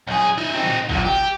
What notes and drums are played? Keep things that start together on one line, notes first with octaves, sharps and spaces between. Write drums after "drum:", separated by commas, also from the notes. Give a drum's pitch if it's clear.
B1 G#4
D#4 E5
C4 D#4
drum: tom A2
B1 A#2, drum: kick
G4